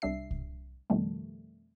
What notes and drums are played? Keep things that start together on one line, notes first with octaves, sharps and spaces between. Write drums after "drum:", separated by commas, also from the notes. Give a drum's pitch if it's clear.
C2 G3 D4 E5 C7
drum: kick C2
F2 B2 D#3 G3 A3